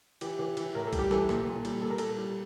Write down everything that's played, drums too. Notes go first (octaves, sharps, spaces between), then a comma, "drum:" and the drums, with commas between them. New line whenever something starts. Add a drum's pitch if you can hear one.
E3 G4, drum: cymbal
E3
E3, drum: cymbal
A2 A#4
A4
G3, drum: kick B1, cymbal
G4
E3 A4, drum: snare
A#2, drum: snare
A#2
G3, drum: cymbal
A#2 A4
A#4
G3 A4, drum: cymbal
G3